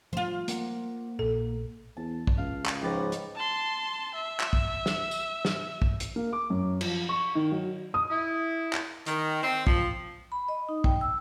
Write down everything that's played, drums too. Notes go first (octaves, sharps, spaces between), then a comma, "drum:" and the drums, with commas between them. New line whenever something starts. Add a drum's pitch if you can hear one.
F3 G3 A3 F4 C5
A#3 F#5, drum: hi-hat
A#1 A#2 A4
E2 A5
drum: kick
C#2 F5
drum: clap
G#2 F3 G4 B4 C#5 A6 A#6
drum: hi-hat
A5 C6
E5
drum: clap
drum: kick
drum: snare
drum: tambourine
drum: snare
drum: kick
drum: hi-hat
A#3
D6
F#2
F3, drum: cymbal
C#6
D#3
F#3
D#6
E4
drum: clap
D#3, drum: hi-hat
C4
F3, drum: kick
B5
D#5
D#4
G5, drum: kick
E6